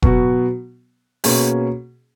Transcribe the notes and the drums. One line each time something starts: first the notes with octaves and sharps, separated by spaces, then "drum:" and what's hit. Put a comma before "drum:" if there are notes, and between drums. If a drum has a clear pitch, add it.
B2 F#3 B3 F#4, drum: kick F1
B2 A#3 C#4 G#4, drum: open hi-hat